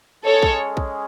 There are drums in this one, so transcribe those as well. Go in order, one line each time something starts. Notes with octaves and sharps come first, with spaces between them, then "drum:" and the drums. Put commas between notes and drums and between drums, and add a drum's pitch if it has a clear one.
G#3 C#4 G#4 A4 C#5
drum: kick
drum: kick